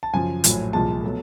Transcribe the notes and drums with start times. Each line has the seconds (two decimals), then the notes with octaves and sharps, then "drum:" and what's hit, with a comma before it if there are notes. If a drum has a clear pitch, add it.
0.03 A5
0.13 F#2 C#3 F3 G#5
0.44 A#1 A2 F#3, drum: hi-hat
0.73 C2 A#2 F3 G#3 A5
1.03 B2 F#3 A3